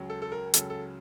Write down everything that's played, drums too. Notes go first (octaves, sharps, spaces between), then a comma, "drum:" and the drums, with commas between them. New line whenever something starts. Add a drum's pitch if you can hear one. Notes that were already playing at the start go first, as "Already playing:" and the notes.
Already playing: C#2 C#3 F#3
A4
A4
A#4
C#2 C#3 F#3 A4, drum: hi-hat
A4